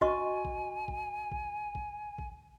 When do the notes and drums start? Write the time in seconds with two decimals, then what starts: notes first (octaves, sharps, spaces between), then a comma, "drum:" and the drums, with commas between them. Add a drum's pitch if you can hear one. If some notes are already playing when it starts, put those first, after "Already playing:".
0.01 F#4 D#5 G#5 C#6, drum: kick
0.45 drum: kick
0.88 drum: kick
1.32 drum: kick
1.75 drum: kick
2.18 drum: kick